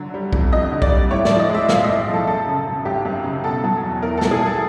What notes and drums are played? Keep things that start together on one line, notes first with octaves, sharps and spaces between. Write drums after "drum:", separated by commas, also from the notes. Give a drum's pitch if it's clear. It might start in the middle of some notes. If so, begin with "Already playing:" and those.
Already playing: D3 F#3
G3
F2, drum: kick
F2 D#5
D3
D5, drum: kick
G3
A2 C#5
D5, drum: snare
F3
D#5
G#3 E5
B1 F5, drum: snare
D#5
A2
F3
A4
F#2 A4
C#3
G#1
G#1 G4
F#2
C#3
B2 A4
F#3
E2
E2 A#4
A4
B2, drum: snare
G#4
F#3 A4